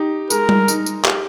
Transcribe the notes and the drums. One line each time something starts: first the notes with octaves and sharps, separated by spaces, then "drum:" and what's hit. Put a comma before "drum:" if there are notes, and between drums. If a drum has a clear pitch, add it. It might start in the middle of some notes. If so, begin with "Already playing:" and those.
Already playing: D#4 G4
G#3 A#4, drum: tambourine
drum: tom G3
D#4, drum: tambourine
drum: tambourine
G4, drum: clap